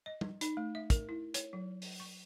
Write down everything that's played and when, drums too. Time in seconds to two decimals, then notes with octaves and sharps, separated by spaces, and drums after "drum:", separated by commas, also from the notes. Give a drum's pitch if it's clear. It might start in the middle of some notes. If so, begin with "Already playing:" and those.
0.06 D#5
0.21 drum: tom
0.41 D#4, drum: hi-hat
0.57 A3
0.75 E5
0.90 A#4, drum: kick, hi-hat
1.09 E4
1.34 C#5, drum: hi-hat
1.53 F#3
1.82 drum: open hi-hat
2.00 C#6